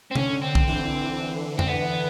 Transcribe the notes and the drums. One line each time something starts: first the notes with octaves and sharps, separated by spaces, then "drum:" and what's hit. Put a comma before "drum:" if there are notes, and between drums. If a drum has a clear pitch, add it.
C4
D3 C#4, drum: tom C3
C4
drum: kick
D3 E3
C4, drum: tom F2
B3